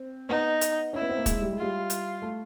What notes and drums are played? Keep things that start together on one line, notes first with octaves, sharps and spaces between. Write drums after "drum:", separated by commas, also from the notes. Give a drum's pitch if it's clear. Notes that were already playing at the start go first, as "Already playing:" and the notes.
Already playing: C4
B3 D#4
drum: hi-hat
C#4 E4
B3
C4
A#3
G#3, drum: kick, hi-hat
G3
G#3
G3 F4
drum: hi-hat
A3